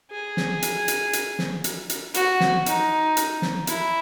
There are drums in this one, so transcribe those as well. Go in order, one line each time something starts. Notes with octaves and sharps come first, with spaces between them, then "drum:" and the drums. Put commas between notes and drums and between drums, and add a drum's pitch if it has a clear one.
G#4
drum: snare
drum: hi-hat
drum: hi-hat
drum: hi-hat
drum: snare
drum: hi-hat
drum: hi-hat
F#4, drum: hi-hat
drum: snare
D#4, drum: hi-hat
drum: hi-hat
drum: snare
E4, drum: hi-hat